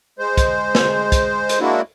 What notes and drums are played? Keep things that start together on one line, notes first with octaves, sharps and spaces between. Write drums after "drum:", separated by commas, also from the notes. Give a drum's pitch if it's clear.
G#3 C5
drum: kick, hi-hat
drum: snare
drum: kick, hi-hat
drum: hi-hat
G#3 A#3 D4 E4 F#4